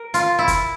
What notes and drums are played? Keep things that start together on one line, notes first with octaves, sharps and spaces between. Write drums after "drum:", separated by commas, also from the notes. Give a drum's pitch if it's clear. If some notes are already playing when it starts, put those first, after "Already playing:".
Already playing: A#4
F4, drum: hi-hat
E4
drum: kick, hi-hat